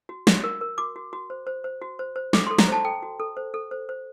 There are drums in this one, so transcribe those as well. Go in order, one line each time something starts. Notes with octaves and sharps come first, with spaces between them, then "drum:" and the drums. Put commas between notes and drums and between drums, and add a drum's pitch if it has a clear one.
F#4
F#4, drum: snare
A#4
A#4
F#4 D6
F#4
F#4
C5
C5
C5
F#4
C5
C5
A4 D6, drum: snare
A4 C6
A#5, drum: snare
C5 A5
A4 G5
F#4
A4
C5
A4
C5
C5